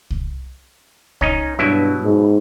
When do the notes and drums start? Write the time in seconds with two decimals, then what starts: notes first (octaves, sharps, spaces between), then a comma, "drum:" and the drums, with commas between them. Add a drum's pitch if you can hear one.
0.10 drum: kick C2
1.21 C#4 D#4 D#5, drum: kick C2
1.59 G2 B2 F#3 E4
2.04 G#2